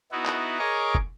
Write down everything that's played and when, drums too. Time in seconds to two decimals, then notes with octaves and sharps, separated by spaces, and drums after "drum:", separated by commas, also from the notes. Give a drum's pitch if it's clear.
0.12 B3 D#4 E4 F#4
0.25 drum: clap
0.59 G#4 A#4 C#5 D#5 C#6 D6
0.95 drum: kick F1